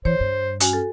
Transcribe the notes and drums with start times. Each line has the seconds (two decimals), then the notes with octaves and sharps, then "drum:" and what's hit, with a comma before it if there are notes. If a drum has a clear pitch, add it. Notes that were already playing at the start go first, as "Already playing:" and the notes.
0.05 E3 C5 C#5
0.20 G2
0.60 C#4 F#4 G#5, drum: hi-hat
0.73 A4